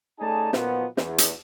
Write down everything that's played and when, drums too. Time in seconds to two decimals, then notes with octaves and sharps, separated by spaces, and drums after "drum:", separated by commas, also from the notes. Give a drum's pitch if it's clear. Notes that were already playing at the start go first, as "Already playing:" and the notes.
0.20 A3 C#4 D#4 G#4 D5 A5
0.53 A#2 D#3 F3 F#3 A#3 B3, drum: snare
0.97 E2, drum: snare
1.18 drum: hi-hat